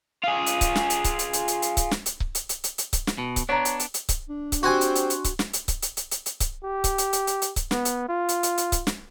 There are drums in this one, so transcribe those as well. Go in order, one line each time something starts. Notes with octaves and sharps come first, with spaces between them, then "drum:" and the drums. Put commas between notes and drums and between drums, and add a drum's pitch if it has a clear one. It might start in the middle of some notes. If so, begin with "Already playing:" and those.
F4 G#4
drum: hi-hat
drum: kick C#1, hi-hat
drum: snare
drum: hi-hat
drum: kick C#1, hi-hat
drum: hi-hat
drum: hi-hat
drum: hi-hat
drum: hi-hat
drum: kick C#1, hi-hat
drum: snare
drum: hi-hat
drum: kick C#1
drum: hi-hat
drum: hi-hat
drum: hi-hat
drum: hi-hat
drum: kick C#1, hi-hat
drum: snare
B2
drum: kick C#1, hi-hat
B3 D4 C#5 A#5
drum: hi-hat
drum: hi-hat
drum: hi-hat
drum: kick C#1, hi-hat
D4
drum: kick C#1, hi-hat
C4 F#4 G4 G#5 C6 C#6
drum: hi-hat
drum: hi-hat
drum: hi-hat
drum: kick C#1, hi-hat
drum: snare
drum: hi-hat
drum: kick C#1, hi-hat
drum: hi-hat
drum: hi-hat
drum: hi-hat
drum: hi-hat
drum: kick C#1, hi-hat
G4
drum: kick C#1, hi-hat
drum: hi-hat
drum: hi-hat
drum: hi-hat
drum: hi-hat
drum: kick C#1, hi-hat
B3, drum: snare
drum: hi-hat
F4
drum: hi-hat
drum: hi-hat
drum: hi-hat
drum: kick C#1, hi-hat
drum: snare